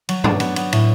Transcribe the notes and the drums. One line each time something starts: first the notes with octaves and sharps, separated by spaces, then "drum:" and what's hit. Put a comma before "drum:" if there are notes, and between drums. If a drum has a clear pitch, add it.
F#3, drum: cymbal
D4, drum: tom
B3, drum: cymbal
B3, drum: cymbal
A2, drum: cymbal